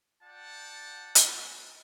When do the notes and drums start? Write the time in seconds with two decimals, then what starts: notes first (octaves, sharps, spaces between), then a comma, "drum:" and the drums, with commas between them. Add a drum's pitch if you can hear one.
0.22 F4 D5 F#5 G5 A5
1.15 drum: hi-hat